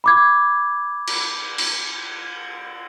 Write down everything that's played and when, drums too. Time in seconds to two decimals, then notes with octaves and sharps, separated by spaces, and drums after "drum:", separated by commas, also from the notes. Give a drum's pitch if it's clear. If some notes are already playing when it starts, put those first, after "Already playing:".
0.04 B5 D6 G#6
1.07 drum: cymbal
1.58 drum: cymbal